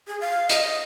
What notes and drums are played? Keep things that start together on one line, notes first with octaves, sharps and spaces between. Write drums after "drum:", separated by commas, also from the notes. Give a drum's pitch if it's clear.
G#4
F5
D#5, drum: hi-hat